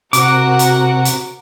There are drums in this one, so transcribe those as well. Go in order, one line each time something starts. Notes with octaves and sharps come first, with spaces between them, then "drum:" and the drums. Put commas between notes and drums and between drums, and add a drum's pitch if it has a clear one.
C3 F#4 A#4 F#5 D6, drum: hi-hat
drum: hi-hat
drum: hi-hat